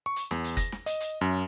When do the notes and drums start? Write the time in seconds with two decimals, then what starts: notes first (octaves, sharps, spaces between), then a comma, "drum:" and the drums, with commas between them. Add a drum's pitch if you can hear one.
0.06 C#6
0.16 drum: hi-hat
0.31 E2, drum: snare
0.44 drum: hi-hat
0.57 A#6, drum: kick F#1, hi-hat
0.72 drum: snare
0.86 D#5, drum: hi-hat
1.00 drum: hi-hat
1.21 F#2